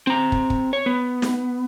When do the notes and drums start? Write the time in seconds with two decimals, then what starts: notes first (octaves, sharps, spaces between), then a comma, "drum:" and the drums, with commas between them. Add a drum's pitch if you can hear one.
0.07 C4 A#5
0.32 drum: kick
0.50 drum: kick
0.73 C#5
0.86 B3
1.22 drum: snare